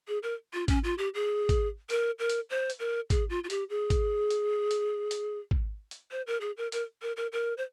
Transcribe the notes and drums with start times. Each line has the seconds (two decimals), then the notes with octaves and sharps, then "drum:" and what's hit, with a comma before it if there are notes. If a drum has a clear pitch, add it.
0.08 G#4
0.23 A#4
0.54 F4
0.68 C#4, drum: kick, hi-hat
0.84 F4
0.98 G4
1.15 G#4
1.49 drum: kick, hi-hat
1.90 A#4, drum: hi-hat
2.19 A#4
2.29 drum: hi-hat
2.50 C5
2.70 drum: hi-hat
2.79 A#4
3.10 G#4, drum: kick, hi-hat
3.30 F4
3.44 F4
3.50 G4, drum: hi-hat
3.70 G#4
3.90 drum: kick, hi-hat
4.30 drum: hi-hat
4.71 drum: hi-hat
5.11 drum: hi-hat
5.51 drum: kick
5.91 drum: hi-hat
6.11 C5
6.27 A#4
6.41 G#4
6.57 A#4
6.72 A#4, drum: hi-hat
7.02 A#4
7.17 A#4
7.33 A#4
7.58 C5